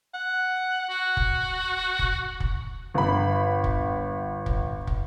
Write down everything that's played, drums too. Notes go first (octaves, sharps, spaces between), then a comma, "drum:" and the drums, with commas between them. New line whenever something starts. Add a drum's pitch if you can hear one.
F#5
F#4
drum: kick
drum: kick
drum: kick
G1 B5
drum: kick
drum: kick
drum: kick